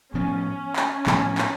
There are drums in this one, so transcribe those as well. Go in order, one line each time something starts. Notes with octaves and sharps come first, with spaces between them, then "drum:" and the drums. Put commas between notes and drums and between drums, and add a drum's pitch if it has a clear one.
A2 F3 B3 C#4
drum: clap
A2 F3 B3, drum: clap
drum: clap